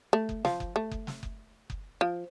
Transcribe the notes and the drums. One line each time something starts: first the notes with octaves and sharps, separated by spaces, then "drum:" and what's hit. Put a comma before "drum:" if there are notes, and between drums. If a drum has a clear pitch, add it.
A3
drum: kick F#1
F3, drum: snare
drum: kick F#1
A3
drum: kick F#1
drum: snare
drum: kick F#1
drum: kick F#1
F3